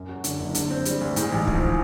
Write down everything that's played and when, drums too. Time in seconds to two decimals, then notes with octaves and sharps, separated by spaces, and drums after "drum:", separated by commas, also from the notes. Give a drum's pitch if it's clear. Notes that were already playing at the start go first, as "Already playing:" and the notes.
Already playing: F#2
0.09 F#3
0.24 D3, drum: hi-hat
0.40 F#1
0.55 D3, drum: hi-hat
0.71 C4
0.85 G3, drum: hi-hat
1.01 D2
1.16 G#2, drum: hi-hat
1.32 A1
1.47 F3, drum: kick